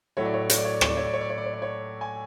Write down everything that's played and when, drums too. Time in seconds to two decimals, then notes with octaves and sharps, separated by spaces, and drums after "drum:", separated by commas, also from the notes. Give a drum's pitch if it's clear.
0.17 A2 F#3 A3 C#5
0.25 D5
0.34 C#5
0.41 D5
0.50 C#5, drum: hi-hat
0.58 D5
0.65 C#5
0.74 D5
0.81 C#5, drum: rim click
0.90 D5
0.97 C#5
1.06 D5
1.13 C#5
1.21 D5
1.30 C#5
1.38 D5
1.46 C#5
1.53 D5
1.62 C#5
2.01 G#5